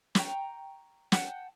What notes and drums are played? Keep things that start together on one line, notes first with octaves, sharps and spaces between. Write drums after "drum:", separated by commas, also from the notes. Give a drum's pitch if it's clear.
G5 A#5 C#6, drum: snare
F#5 G5 A5, drum: snare